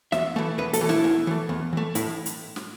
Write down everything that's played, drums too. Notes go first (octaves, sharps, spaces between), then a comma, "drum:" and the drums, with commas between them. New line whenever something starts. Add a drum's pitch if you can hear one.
E2 E5, drum: snare
E3 A3
E2 B4
A4, drum: hi-hat
E3 A3
E4, drum: snare
E2
E3 A3
E2
E3 A3
A2 E4, drum: hi-hat
drum: hi-hat
drum: snare